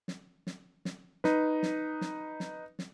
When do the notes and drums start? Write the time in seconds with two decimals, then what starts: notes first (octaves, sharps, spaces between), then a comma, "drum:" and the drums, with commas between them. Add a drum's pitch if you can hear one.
0.08 drum: snare
0.47 drum: snare
0.85 drum: snare
1.24 D#4 B4, drum: snare
1.63 drum: snare
2.01 drum: snare
2.40 drum: snare
2.79 drum: snare